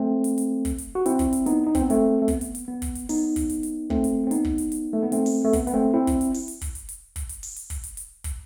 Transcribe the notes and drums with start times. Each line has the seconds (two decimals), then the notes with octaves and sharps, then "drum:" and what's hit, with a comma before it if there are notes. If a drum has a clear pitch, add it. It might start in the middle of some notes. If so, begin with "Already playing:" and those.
Already playing: A3 C4
0.24 drum: hi-hat
0.38 drum: hi-hat
0.65 drum: kick, hi-hat
0.78 drum: hi-hat
0.95 F#4
1.06 C4 E4, drum: hi-hat
1.19 drum: kick, hi-hat
1.33 drum: hi-hat
1.46 B3 D#4, drum: hi-hat
1.67 D#4
1.75 C4, drum: kick, hi-hat
1.82 B3
1.90 A3 C4, drum: hi-hat
2.22 A3
2.28 B3, drum: kick, hi-hat
2.41 drum: hi-hat
2.55 drum: hi-hat
2.68 B3
2.82 drum: kick, hi-hat
2.95 drum: hi-hat
3.09 B3 D#4, drum: open hi-hat
3.36 drum: kick, hi-hat
3.50 drum: hi-hat
3.63 drum: hi-hat
3.90 A3 C4, drum: kick
4.04 drum: hi-hat
4.27 C4
4.31 B3 D#4, drum: hi-hat
4.45 drum: kick
4.58 drum: hi-hat
4.72 drum: hi-hat
4.93 A3
5.03 B3
5.12 A3 C4, drum: hi-hat
5.26 drum: open hi-hat
5.45 A3
5.53 B3, drum: kick, hi-hat
5.67 B3, drum: hi-hat
5.74 A3 C4
5.94 C4 E4
6.07 drum: kick, hi-hat
6.21 drum: hi-hat
6.34 drum: open hi-hat
6.48 drum: hi-hat
6.61 drum: kick, hi-hat
6.75 drum: hi-hat
6.89 drum: hi-hat
7.16 drum: kick, hi-hat
7.29 drum: hi-hat
7.43 drum: open hi-hat
7.56 drum: hi-hat
7.70 drum: kick, hi-hat
7.84 drum: hi-hat
7.97 drum: hi-hat
8.24 drum: kick, hi-hat